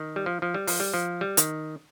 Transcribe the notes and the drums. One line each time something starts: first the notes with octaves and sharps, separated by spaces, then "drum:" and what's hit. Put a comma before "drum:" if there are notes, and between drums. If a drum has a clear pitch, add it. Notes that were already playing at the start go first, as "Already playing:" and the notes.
Already playing: D#3
G3
F3
F3
G3
F3, drum: open hi-hat
G3
F3
G3
D#3, drum: hi-hat